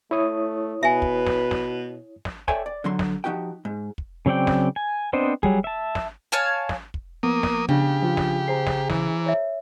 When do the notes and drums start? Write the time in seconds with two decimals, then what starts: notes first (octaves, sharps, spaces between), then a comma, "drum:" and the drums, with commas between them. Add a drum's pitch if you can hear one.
0.11 A3 E4 C#5 D#6
0.83 B2 B4 E5 G#5
1.02 drum: kick
1.27 drum: snare
1.51 drum: snare
2.25 drum: snare
2.48 A4 C#5 D5 E5 G5 G#5, drum: kick
2.66 D5
2.84 D3 F#3 C6
2.99 drum: snare
3.24 F3 D#4 F#4 G4 G5
3.65 G#2
3.98 drum: kick
4.26 C#3 F#3 C4 D5 G5
4.47 drum: snare
4.76 G#5
5.13 B3 C4 D4 C5 D#5
5.43 F#3 G3 G#4, drum: kick
5.64 E5 A5
5.95 drum: snare
6.32 C#5 F5 G#5 A5
6.69 drum: snare
6.94 drum: kick
7.23 F3 A#3 B3 D#6
7.43 drum: snare
7.69 C#3 D4 G4
8.02 F3 F4
8.17 drum: snare
8.48 G#4 C5 A#5 C7
8.67 drum: snare
8.90 E3, drum: snare
9.26 C#5 E5